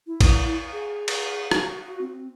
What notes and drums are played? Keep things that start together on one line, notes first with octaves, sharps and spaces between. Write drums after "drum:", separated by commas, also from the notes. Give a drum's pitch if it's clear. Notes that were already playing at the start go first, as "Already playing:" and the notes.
E4
drum: kick A1, cymbal
G#4
drum: cymbal
F#4, drum: rim click
C4